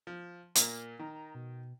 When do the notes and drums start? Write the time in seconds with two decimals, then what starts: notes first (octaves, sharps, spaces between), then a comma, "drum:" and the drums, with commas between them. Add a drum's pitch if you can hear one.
0.07 F3
0.55 A#2 A#3, drum: hi-hat
0.99 D#3 A#5
1.35 B2